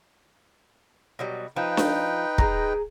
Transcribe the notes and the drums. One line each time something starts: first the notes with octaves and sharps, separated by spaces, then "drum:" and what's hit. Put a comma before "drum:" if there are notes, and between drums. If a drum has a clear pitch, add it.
B2 F#3 G3
F3 D#4 B4 G5
drum: snare D4
G#4 A#5, drum: kick